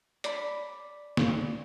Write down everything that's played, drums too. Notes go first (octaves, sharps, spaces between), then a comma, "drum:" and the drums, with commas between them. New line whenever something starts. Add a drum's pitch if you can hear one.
D5 B5, drum: hi-hat
drum: snare